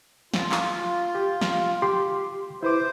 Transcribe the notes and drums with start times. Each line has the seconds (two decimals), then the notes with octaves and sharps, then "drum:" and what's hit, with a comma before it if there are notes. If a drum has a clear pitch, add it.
0.34 F4, drum: snare
0.52 drum: clap
1.15 G4
1.41 F5, drum: snare
1.82 G4 C6 D6
2.63 E4 B4 C5 D6